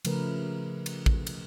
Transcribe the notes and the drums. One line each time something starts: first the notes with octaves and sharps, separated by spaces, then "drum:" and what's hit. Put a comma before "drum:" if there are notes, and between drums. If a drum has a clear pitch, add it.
C#3 F3 A3 A#4 B4, drum: cymbal
drum: cymbal
drum: kick
drum: cymbal